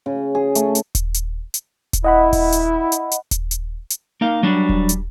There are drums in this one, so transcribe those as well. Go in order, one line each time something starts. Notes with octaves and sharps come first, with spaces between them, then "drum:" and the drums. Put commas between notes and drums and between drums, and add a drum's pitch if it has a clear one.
C#3
G#4
A3, drum: hi-hat
drum: hi-hat
drum: kick D#1, hi-hat
drum: hi-hat
drum: hi-hat
drum: kick D#1, hi-hat
E4 D#5 F#5 B5
drum: kick D#1, open hi-hat
drum: hi-hat
drum: hi-hat
drum: hi-hat
drum: kick D#1, hi-hat
drum: hi-hat
drum: hi-hat
A#3 D#4 F5
F#3 G3 D4
drum: kick D#1
drum: hi-hat